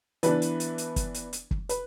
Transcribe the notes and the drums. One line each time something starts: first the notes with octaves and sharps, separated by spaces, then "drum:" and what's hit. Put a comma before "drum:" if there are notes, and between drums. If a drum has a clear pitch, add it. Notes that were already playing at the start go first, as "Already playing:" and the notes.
E3 B3 D4 B4, drum: hi-hat
drum: hi-hat
drum: hi-hat
drum: hi-hat
drum: kick, hi-hat
drum: hi-hat
drum: hi-hat
drum: kick
B4, drum: hi-hat